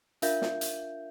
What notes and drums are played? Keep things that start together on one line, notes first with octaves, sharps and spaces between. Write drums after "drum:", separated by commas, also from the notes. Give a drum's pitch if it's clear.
D4 F4 A#4 E5 F5 G6, drum: hi-hat
drum: snare
drum: hi-hat